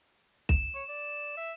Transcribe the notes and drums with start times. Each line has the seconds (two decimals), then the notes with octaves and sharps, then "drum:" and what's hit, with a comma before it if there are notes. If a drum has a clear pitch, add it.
0.49 E7, drum: kick
0.75 C#5
0.89 D5
1.37 E5